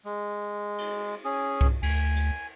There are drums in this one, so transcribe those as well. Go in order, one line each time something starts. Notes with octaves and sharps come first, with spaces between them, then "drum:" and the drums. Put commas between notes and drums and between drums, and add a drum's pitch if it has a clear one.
G#3
drum: cymbal
C#4 G#4
drum: kick C2
D2 G#5, drum: cymbal
drum: hi-hat